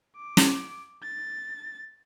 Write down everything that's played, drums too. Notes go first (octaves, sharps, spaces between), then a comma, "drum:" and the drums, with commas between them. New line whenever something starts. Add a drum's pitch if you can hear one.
D6
drum: snare
A6